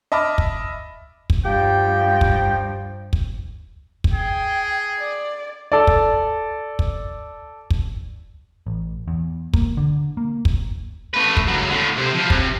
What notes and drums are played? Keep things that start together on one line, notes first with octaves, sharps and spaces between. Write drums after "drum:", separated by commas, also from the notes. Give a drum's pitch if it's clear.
D#5 E5 A5 B5 D6 F6
drum: kick
drum: kick
G2 F3 G4 G5
drum: kick
drum: kick
drum: kick
G#4 G5
D5
A4 D5
drum: kick
drum: kick
drum: kick
A1
E2
A#3, drum: kick
D3
A#3
drum: kick
A3 B4
drum: kick
C#2 F#3
A2 D3
C3 C5
F3 G3
C3, drum: kick